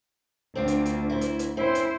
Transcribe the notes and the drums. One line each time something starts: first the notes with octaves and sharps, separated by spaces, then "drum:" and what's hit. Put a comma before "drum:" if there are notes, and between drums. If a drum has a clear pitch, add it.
D2 C4 D4 F4
drum: hi-hat
drum: hi-hat
E4 C5
drum: hi-hat
drum: hi-hat
C4 C#4 E4 C5
drum: hi-hat